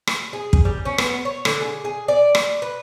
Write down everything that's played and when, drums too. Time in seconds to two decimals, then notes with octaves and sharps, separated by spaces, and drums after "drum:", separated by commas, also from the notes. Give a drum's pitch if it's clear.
0.07 drum: rim click
0.33 G#4
0.53 drum: kick
0.65 G3
0.85 C#4
0.98 B3, drum: rim click
1.25 C#5
1.45 D3, drum: rim click
1.61 G#4
1.85 G#4
2.08 D5
2.35 drum: rim click
2.62 B4